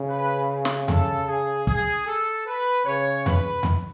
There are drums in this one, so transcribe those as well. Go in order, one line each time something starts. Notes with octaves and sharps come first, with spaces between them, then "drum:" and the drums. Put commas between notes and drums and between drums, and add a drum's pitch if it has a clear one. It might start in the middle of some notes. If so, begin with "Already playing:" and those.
Already playing: C#3
B4
drum: snare
A4, drum: tom E2
G#4
G#4, drum: kick
A4
B4
C#3 C#5
B4, drum: tom E2
drum: tom E2